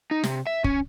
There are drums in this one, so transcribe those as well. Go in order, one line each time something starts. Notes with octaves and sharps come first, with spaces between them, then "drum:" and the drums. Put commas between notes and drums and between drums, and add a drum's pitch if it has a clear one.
D#4
C3, drum: snare
E5
C#4, drum: kick